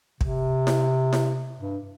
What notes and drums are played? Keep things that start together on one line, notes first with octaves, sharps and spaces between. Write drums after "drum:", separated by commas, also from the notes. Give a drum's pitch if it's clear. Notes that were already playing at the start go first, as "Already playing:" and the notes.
C3, drum: kick
drum: snare E4
drum: snare E4
G2